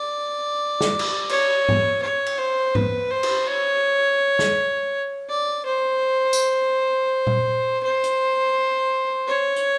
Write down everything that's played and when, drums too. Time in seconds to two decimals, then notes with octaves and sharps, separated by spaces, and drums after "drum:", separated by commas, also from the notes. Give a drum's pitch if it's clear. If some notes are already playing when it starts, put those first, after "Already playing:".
Already playing: D5
0.81 drum: snare
0.99 drum: cymbal
1.29 C#5, drum: cymbal
1.69 drum: tom
2.02 C#5
2.26 drum: cymbal
2.38 C5
2.75 B4, drum: tom
3.11 C5
3.23 drum: cymbal
3.47 C#5
4.39 drum: snare
5.29 D5
5.65 C5
6.33 drum: tambourine
7.27 drum: tom A#2
7.83 C5
8.04 drum: hi-hat
9.28 C#5
9.56 drum: hi-hat